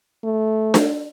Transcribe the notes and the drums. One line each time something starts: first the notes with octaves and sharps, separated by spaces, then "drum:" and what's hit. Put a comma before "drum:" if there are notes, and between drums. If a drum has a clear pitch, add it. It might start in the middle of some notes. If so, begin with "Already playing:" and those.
A3
drum: snare D4